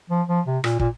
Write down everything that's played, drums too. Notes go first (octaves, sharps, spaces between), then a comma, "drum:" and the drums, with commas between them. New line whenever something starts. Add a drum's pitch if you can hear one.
F3
F3
C3
A#2, drum: rim click
A#2, drum: kick